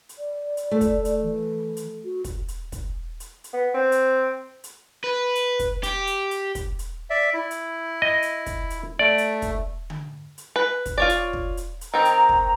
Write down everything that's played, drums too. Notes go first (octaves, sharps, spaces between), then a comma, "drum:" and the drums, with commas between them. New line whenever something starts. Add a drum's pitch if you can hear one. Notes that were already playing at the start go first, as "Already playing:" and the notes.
drum: hi-hat
D5
drum: hi-hat
A3
drum: kick, hi-hat
drum: hi-hat
E3
drum: hi-hat
F#4
drum: kick, hi-hat
drum: hi-hat
drum: kick, hi-hat
drum: hi-hat
drum: hi-hat
B3
C4
drum: hi-hat
drum: hi-hat
B4
drum: hi-hat
drum: kick, hi-hat
G4, drum: hi-hat
drum: hi-hat
drum: hi-hat
drum: kick, hi-hat
drum: hi-hat
D5 E5
E4
drum: hi-hat
D#5
drum: hi-hat
drum: kick, hi-hat
drum: hi-hat
A3 D5
drum: hi-hat
drum: kick, hi-hat
drum: tom D3
drum: hi-hat
B4
drum: kick, hi-hat
F4 C#5 D5
drum: hi-hat
drum: kick
drum: hi-hat
drum: hi-hat
D#3 C4 A#5
drum: hi-hat
drum: kick